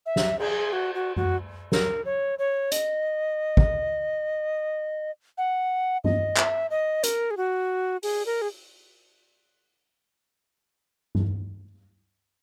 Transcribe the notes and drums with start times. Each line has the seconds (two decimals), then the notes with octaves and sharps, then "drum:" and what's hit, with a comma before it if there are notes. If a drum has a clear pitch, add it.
0.06 E5
0.16 drum: snare
0.39 G#4, drum: cymbal
0.73 F#4
0.95 F#4
1.16 F#4, drum: tom F#2
1.72 A#4, drum: snare
2.05 C#5
2.39 C#5
2.72 D#5, drum: hi-hat
3.57 drum: kick
5.38 F#5
6.04 D#5, drum: tom G2
6.37 E5, drum: clap
6.70 D#5
7.03 A#4, drum: hi-hat
7.31 G#4
7.37 F#4
8.03 G#4, drum: open hi-hat
8.26 A#4
8.42 G#4
11.15 drum: tom G2